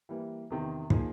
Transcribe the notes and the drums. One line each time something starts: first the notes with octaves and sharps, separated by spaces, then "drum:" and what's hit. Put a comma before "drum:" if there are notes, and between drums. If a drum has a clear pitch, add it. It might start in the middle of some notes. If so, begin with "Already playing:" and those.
E3 G3 A#3
E2 C3 D#3
F3 A#3 D#4 G#4, drum: kick